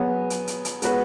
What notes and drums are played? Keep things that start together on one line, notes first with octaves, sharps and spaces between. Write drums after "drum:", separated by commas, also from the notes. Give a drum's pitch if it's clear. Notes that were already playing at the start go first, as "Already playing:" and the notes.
Already playing: F#3 B3 G#4 C#5
drum: hi-hat
drum: hi-hat
drum: hi-hat
G#3 B3 F#4 B4, drum: hi-hat